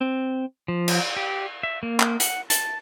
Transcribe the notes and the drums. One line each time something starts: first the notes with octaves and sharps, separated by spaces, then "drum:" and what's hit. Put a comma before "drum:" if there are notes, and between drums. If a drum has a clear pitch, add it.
C4
F3
drum: cymbal
G4
E5
A#3
drum: clap
F#5, drum: hi-hat
A5, drum: hi-hat